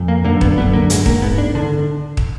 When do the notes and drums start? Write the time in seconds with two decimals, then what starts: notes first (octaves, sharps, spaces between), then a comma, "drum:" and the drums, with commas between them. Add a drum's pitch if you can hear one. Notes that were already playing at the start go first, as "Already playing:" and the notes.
Already playing: F2
0.08 A#3
0.25 F#2 D3 A#3
0.41 B3, drum: kick
0.57 F#2 D3 B3
0.73 A#3
0.90 G#2 G#3, drum: hi-hat
1.06 A#3, drum: kick
1.22 G#2 B3
1.38 D4
1.55 D3 D4
2.17 drum: kick